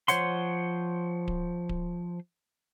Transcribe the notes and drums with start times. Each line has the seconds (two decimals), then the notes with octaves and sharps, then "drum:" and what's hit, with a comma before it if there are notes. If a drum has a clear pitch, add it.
0.08 F3 C5 C#5 F#5 C6, drum: hi-hat
1.28 drum: kick D1
1.69 drum: kick D1